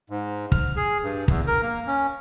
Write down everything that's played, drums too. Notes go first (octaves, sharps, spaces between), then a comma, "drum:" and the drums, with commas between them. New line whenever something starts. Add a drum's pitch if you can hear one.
G#2
F6, drum: kick
G#4
G2
E2, drum: kick
A#4
A#3
C#4